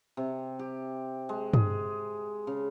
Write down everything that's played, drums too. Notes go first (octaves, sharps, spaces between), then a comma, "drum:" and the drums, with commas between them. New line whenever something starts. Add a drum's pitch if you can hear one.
C3
G4
G#3
G#4, drum: tom G2
C#3